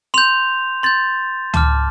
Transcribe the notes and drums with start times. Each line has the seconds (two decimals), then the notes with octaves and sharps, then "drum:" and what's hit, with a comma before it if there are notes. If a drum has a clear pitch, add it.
0.14 C6 G6 F7
0.83 C6 G6 A6
1.54 A5 D6 F6, drum: tom C#2